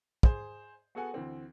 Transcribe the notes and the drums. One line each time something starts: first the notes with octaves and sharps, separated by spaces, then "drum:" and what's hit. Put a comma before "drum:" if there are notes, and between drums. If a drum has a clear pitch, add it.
G#4 C5, drum: kick
B3 F#4 G#4 A4 F#5 G#5
D2 E3 C4